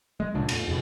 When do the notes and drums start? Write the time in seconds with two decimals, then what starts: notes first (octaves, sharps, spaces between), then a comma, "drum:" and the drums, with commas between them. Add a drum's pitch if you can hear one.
0.20 G#3
0.34 C#2 A#2 C#3 D4
0.49 E2 A2, drum: cymbal
0.68 F2 B2